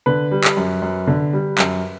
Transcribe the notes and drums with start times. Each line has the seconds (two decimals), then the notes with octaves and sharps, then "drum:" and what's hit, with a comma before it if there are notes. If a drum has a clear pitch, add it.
0.06 D3 B4
0.31 G3
0.44 drum: clap
0.57 F#2
0.82 F#2
1.07 D3
1.33 G3
1.58 F#2, drum: clap